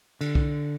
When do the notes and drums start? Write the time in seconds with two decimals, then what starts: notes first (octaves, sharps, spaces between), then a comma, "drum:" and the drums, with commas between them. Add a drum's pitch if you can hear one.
0.21 D3, drum: cymbal
0.35 drum: kick B1